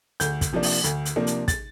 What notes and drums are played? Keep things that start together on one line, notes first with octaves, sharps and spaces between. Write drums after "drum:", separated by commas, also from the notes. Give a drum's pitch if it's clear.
D2 G6, drum: hi-hat
drum: kick, hi-hat
C3 F3 A#3 D4
drum: open hi-hat
D2, drum: hi-hat
drum: hi-hat
C3 F3 A#3 D4
drum: hi-hat
A6, drum: kick, hi-hat